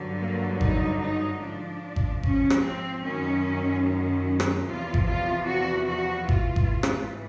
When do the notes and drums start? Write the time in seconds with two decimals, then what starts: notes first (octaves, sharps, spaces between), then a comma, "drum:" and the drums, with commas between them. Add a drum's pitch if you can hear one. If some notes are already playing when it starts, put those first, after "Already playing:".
Already playing: G2 D3 F#3
0.21 A#3
0.61 D#4, drum: kick G#1
1.01 D#4
1.42 G#2 F3 D4
1.96 drum: kick G#1
2.23 C#4, drum: kick G#1
2.50 drum: rim click
2.64 C4
3.04 F#2 D#3 F#3 C#4
3.85 C#4
4.40 drum: rim click
4.67 E2 C3 F3 F4
4.94 drum: kick G#1
5.07 F4
5.48 F#4
5.88 F#4
6.29 G#2 E3 F4, drum: kick G#1
6.56 drum: kick G#1
6.83 drum: rim click